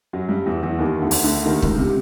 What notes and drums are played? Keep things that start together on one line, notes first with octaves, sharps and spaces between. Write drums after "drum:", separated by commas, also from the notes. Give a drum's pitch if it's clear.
F#2 F#3
G2 G3
E2 E3
E2 E3
D#2 D#3
D2 D3
drum: open hi-hat
D2 D3
D#2 D#3
C#2 C#3, drum: kick
C3